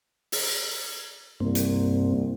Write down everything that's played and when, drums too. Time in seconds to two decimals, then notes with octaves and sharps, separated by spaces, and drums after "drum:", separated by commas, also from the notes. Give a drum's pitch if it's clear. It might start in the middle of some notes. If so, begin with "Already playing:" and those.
0.32 drum: open hi-hat
1.40 C2 G2 A#3 C4
1.55 drum: hi-hat